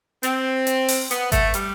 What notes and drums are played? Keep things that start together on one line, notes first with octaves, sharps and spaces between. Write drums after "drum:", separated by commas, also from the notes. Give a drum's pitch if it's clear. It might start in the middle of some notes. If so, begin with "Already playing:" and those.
C4, drum: hi-hat
drum: hi-hat
drum: open hi-hat
B3, drum: hi-hat
A3, drum: kick G#1, hi-hat
G3, drum: hi-hat